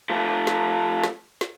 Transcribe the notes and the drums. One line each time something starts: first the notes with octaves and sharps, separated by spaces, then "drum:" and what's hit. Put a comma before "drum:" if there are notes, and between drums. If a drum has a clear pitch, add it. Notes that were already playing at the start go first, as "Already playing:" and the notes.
F3 A3
drum: snare
drum: snare
drum: snare